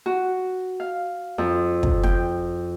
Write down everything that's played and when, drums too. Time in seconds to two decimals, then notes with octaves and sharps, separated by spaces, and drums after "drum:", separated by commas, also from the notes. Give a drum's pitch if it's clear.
0.06 F#4
0.80 F5
1.38 F2
1.83 drum: kick
2.03 G5, drum: snare